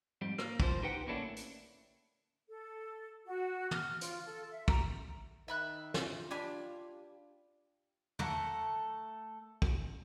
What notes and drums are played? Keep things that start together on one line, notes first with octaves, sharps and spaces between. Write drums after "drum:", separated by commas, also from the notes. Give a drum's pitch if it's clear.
F2 G#2 G3
A#3, drum: rim click
C2 F3 C5, drum: kick
D#4 G4 B4 F#5 G5
A2 D3 A#3 C#4 D4 E4
drum: hi-hat
A4
F#4
F6, drum: tom
F4, drum: hi-hat
A4
E5
A#5, drum: kick
D#3 E5 B5 F#6
F4, drum: snare
D4 G4 G#5 B5
A3 A4 A#4 F#5, drum: tom
drum: kick